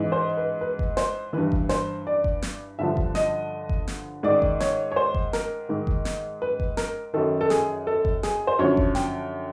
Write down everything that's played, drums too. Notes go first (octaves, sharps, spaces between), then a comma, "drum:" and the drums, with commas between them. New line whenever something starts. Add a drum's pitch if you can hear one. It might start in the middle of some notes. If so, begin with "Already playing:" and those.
Already playing: G#2 E3
C5
B4
B4
drum: kick F#1
C5, drum: snare
G2 E3 B4
drum: kick F#1
C5, drum: snare
D5
drum: kick F#1
drum: snare
G2 D3 F3 E5
drum: kick F#1
D#5, drum: snare
drum: kick F#1
drum: snare
G#2 D#3 D5
drum: kick F#1
C#5, drum: snare
C#5
C5
drum: kick F#1
A#4, drum: snare
G#2 D#3
drum: kick F#1
drum: snare
B4
drum: kick F#1
A#4, drum: snare
F#2 D#3 A4
A4
G#4, drum: snare
A4
drum: kick F#1
G#4, drum: snare
C5
F#2 D3 F3 C#5
drum: kick F#1
G5, drum: snare